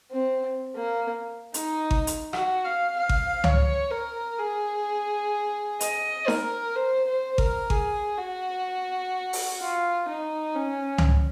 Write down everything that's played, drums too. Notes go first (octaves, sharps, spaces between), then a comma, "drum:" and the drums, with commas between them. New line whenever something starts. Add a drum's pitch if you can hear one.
C4
A#3
D#4, drum: hi-hat
drum: kick G#1
drum: hi-hat
F#4, drum: rim click
F5
F5
drum: kick G#1
C#5, drum: tom C#2
A#4
G#4
D#5, drum: hi-hat
A#4, drum: snare D#4
C5
C5
A#4, drum: kick G#1
G#4, drum: kick G#1
F#4
drum: open hi-hat
F4
D#4
C#4
drum: tom C#2